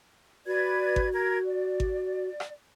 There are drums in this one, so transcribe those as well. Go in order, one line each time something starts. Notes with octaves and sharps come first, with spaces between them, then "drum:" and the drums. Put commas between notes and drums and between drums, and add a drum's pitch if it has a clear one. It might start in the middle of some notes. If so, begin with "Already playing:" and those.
F#4 B4 D5 G#6
drum: kick G#1
A#4 G#6
D5
drum: kick G#1
drum: rim click